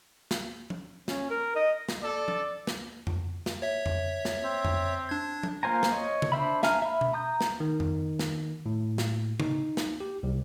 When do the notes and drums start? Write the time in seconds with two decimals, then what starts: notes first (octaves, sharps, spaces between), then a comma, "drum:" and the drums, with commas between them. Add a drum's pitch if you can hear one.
0.31 drum: snare
0.70 drum: tom F3
1.08 C#4, drum: snare
1.30 A#4
1.56 D#5
1.89 drum: snare
2.02 A4 D5
2.28 drum: tom F3
2.67 drum: snare
3.07 drum: tom F2
3.46 drum: snare
3.62 C#5 E5
3.86 drum: tom F2
4.25 drum: snare
4.44 C4
4.65 drum: tom F2
5.09 D4 G#6
5.43 drum: tom F3
5.63 A#3 F4 C5 G#5 A#5
5.83 drum: snare
5.92 C#5 D#5
6.22 drum: tom C#3
6.32 D4 C5 E5 B5
6.63 E5 F5 G#5 A#5 F6, drum: snare
6.82 E5 B5
7.01 drum: tom B2
7.13 A#5 D#6 G6
7.41 drum: snare
7.60 D#3
7.80 drum: tom F2
8.19 drum: snare
8.66 A2
8.98 drum: snare
9.40 D#4, drum: tom C#3
9.77 drum: snare
10.00 G4
10.23 C2